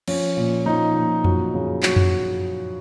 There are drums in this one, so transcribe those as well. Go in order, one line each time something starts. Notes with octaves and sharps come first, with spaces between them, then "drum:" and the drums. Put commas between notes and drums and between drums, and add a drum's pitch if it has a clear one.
F3 C#4, drum: cymbal
A#2
F3 D#4
A#2
F#3 F#4, drum: tom F2
C#3
F#3 F#4, drum: clap
drum: tom F2